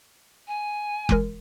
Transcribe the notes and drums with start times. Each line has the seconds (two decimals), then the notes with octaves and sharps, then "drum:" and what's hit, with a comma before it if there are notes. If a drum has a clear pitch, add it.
0.47 G#5
1.09 E3 G#3 A#4, drum: kick F1